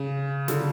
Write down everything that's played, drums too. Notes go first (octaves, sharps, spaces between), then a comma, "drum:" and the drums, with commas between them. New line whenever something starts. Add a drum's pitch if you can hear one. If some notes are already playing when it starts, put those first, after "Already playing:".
Already playing: C#3
D3, drum: snare